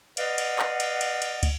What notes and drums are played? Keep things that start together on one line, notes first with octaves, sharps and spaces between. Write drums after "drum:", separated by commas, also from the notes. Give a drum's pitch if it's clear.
B4 D5 D#5 F5 F#5, drum: cymbal
drum: cymbal
drum: clap
drum: cymbal
drum: cymbal
drum: cymbal
drum: kick, cymbal